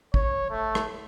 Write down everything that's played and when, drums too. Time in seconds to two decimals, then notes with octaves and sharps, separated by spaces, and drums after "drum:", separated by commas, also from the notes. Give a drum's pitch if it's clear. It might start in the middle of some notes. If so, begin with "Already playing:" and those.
0.14 C#5, drum: kick
0.50 A3
0.75 drum: rim click